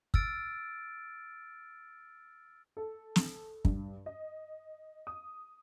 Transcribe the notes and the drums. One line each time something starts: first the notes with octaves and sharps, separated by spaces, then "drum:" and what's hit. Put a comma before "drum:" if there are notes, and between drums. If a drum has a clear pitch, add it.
E6 F6 A6 D7, drum: kick
A4
drum: snare
G2, drum: kick
D#5
D#6